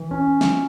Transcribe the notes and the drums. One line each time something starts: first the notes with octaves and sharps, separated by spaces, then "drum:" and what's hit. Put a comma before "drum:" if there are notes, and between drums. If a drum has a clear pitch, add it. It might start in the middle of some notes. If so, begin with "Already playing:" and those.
Already playing: E3
C#4
drum: snare